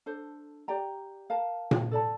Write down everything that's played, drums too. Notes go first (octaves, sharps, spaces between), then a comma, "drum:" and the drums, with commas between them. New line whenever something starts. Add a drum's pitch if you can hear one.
D4 A4 C5
G4 D5 G5 A#5
A#4 F5 A5
drum: tom A#2
A4 D5 A5